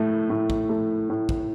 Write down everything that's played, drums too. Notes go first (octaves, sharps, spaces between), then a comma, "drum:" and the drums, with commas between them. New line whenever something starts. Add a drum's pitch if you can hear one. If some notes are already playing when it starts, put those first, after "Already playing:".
Already playing: A2 A3
A2
drum: kick
A3
A2
drum: kick